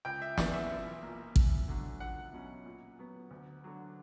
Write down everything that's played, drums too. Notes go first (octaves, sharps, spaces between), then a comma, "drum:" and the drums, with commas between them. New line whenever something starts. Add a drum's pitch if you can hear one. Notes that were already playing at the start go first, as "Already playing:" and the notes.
C#2 G5
E5
C#3 E3 B3 D5, drum: snare
E5
B1
A#2 A#3
E2, drum: kick
D3 F#3
C#2 F#5
B2 F#3 C#4
A#2
F#3 B3
D2
D3 F#3